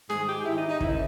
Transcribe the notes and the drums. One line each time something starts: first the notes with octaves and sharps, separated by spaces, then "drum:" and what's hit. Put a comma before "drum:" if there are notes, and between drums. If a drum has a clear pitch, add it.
G#2 D#3 G#4, drum: snare
G4
G#2 D#3 E4
D#4
D#4
D#2 C#3 E3 E4, drum: kick